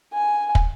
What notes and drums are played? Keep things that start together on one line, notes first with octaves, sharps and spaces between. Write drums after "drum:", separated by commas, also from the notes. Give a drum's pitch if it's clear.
G#5
drum: kick